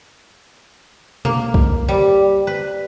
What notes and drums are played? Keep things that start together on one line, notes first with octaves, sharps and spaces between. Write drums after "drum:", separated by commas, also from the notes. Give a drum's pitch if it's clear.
A#3, drum: tom B2
drum: kick C2
G3
B4